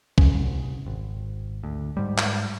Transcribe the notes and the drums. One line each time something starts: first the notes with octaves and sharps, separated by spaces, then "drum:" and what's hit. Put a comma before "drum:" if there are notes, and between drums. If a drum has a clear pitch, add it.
E1 F2 C#3 C#4, drum: kick B1
C2
G#1
D2
G#2 G3
drum: clap